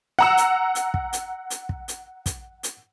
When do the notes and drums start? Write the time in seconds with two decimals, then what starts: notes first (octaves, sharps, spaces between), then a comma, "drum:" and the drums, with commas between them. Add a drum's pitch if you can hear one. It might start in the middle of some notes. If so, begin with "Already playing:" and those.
0.19 F#5 A#5 E6
0.37 drum: hi-hat
0.75 drum: hi-hat
0.94 drum: kick
1.13 drum: hi-hat
1.50 drum: hi-hat
1.69 drum: kick
1.88 drum: hi-hat
2.26 drum: kick, hi-hat
2.63 drum: hi-hat